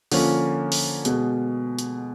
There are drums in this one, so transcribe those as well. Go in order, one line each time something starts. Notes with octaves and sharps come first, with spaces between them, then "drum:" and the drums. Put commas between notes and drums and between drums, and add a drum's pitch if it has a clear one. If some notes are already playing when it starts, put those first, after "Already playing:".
D3 F3 A#3 C#4, drum: open hi-hat
drum: open hi-hat
B2 G#3 B3, drum: hi-hat
drum: hi-hat